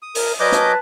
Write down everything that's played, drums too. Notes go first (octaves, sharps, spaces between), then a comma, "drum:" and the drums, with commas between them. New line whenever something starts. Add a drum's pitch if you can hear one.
D#6
A#4, drum: open hi-hat
F#3 A#4 B4 D5 D#5 G#5 D6 G6
A5, drum: hi-hat